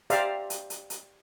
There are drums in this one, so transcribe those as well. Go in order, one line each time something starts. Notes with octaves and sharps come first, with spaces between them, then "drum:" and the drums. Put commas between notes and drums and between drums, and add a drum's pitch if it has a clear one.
G4 C5 D5 E5 F5 A#5, drum: hi-hat
drum: hi-hat
drum: hi-hat
drum: hi-hat